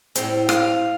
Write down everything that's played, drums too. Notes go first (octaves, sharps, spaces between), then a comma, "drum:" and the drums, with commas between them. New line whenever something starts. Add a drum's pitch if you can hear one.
A2 G3 C4, drum: hi-hat
F5, drum: rim click